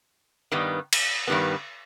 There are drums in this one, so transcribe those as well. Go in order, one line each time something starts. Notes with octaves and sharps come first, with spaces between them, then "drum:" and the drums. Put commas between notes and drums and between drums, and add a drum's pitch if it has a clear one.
G2 D#3 G3 B3
drum: cymbal
G2 D#3 G3 B3